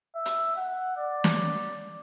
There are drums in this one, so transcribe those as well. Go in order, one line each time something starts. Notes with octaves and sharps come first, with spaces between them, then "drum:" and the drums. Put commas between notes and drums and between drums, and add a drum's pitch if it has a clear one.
E5
drum: hi-hat
F#5
D5
drum: snare